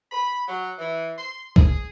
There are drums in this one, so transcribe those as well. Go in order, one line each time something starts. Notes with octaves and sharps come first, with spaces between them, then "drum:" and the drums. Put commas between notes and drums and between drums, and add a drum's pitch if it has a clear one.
B5
F#3
E3
C6
G#4, drum: kick